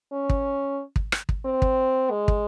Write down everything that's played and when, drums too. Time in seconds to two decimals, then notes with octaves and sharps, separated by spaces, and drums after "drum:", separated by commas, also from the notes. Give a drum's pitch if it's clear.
0.12 C#4
0.30 drum: kick
0.96 drum: kick
1.12 drum: rim click
1.29 drum: kick
1.45 C4
1.62 drum: kick
2.11 G#3
2.28 drum: kick